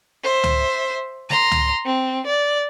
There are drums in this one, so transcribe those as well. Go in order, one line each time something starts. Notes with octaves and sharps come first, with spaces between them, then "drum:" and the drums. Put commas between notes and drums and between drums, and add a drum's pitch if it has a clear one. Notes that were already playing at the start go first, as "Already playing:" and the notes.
C5 E5
drum: tom
A#5 C6, drum: snare
drum: tom
C4
D5